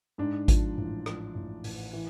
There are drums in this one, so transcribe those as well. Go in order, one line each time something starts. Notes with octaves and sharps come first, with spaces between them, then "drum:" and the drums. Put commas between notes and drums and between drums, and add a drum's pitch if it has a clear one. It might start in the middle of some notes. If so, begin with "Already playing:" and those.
G#2 D4
F3, drum: kick G#1, hi-hat
A1
F3, drum: rim click
A1
A1, drum: open hi-hat
E3